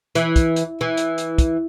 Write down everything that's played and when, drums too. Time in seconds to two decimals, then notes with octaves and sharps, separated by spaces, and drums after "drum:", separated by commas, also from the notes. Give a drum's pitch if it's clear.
0.15 E3, drum: hi-hat
0.36 drum: kick, hi-hat
0.56 drum: hi-hat
0.81 E3
0.97 drum: hi-hat
1.18 drum: hi-hat
1.38 drum: kick, hi-hat